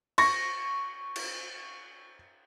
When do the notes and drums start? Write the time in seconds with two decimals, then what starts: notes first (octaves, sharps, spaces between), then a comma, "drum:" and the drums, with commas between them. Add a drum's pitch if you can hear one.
0.18 C#6 A#6, drum: cymbal
1.16 drum: cymbal